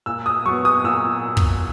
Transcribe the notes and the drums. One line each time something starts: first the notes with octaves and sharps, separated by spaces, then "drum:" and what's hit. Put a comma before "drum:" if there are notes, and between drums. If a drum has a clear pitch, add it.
A#2 E6
D#6
F#3 B3 C#6
D#6
A#2 E6
drum: kick